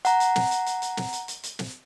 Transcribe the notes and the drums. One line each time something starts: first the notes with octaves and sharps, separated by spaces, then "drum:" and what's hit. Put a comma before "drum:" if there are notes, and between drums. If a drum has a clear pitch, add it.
F#5 A#5, drum: hi-hat
drum: hi-hat
drum: snare
drum: hi-hat
drum: hi-hat
drum: hi-hat
drum: snare
drum: hi-hat
drum: hi-hat
drum: hi-hat
drum: snare